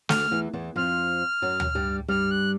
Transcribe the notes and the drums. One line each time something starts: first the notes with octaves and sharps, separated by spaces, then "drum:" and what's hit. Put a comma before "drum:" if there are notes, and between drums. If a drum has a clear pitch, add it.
D2 D3 F6, drum: snare
E2 E3
E2 E3
F2 F3 F6
F#2 F#3
drum: tom D2
G2 G3
G2 G3 F6
F#6